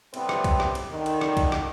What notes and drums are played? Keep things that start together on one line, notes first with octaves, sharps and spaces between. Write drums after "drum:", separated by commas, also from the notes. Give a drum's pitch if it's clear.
A2 C3 G3 B3 C4, drum: cymbal
drum: rim click
drum: kick B1, cymbal
drum: rim click
drum: cymbal
D3 D#3
drum: cymbal
drum: rim click
drum: kick B1, cymbal
drum: rim click